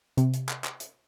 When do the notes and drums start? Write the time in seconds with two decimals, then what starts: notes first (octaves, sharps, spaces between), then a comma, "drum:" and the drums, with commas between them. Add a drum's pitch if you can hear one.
0.17 C3, drum: hi-hat
0.33 drum: hi-hat
0.49 drum: clap
0.64 drum: clap
0.80 drum: hi-hat